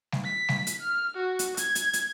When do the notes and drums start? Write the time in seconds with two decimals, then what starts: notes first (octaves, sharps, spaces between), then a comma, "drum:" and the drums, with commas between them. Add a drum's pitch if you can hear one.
0.12 drum: snare G3
0.25 B6
0.49 drum: snare G3
0.67 drum: hi-hat
0.81 F6
1.17 F#4
1.39 drum: hi-hat
1.57 G#6, drum: hi-hat
1.75 drum: hi-hat
1.93 drum: hi-hat